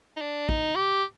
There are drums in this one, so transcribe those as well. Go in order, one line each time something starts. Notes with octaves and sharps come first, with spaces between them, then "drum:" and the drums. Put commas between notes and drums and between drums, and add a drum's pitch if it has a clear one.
D#4
D4
D#4, drum: kick A1
G4